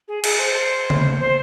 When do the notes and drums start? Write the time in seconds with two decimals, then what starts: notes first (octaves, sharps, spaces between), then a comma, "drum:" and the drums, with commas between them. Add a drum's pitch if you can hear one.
0.08 G#4
0.24 G#4, drum: cymbal
0.39 C5
0.90 drum: tom C#3
1.19 C5